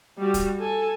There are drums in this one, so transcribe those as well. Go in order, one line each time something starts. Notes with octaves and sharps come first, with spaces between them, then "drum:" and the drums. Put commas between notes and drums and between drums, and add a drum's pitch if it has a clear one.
G3 F#4
drum: kick, hi-hat
A4 G#5